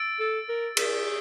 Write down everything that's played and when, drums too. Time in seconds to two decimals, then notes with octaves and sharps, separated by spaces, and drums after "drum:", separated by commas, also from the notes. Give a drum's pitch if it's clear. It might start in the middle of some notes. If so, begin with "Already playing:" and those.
Already playing: E6 A6 D7
0.20 A4
0.49 A#4
0.77 G#4, drum: cymbal